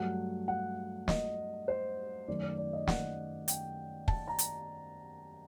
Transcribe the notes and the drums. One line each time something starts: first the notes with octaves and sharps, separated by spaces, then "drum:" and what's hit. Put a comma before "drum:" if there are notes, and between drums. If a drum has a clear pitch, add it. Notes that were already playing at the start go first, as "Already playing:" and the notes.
Already playing: G2 F#3 A3 F#5
F#5
D#5, drum: snare
C5
F#2 D#3 A3 D5
D5
D5
D#5
F#5, drum: snare
G5, drum: hi-hat
A5, drum: kick
A#5
drum: hi-hat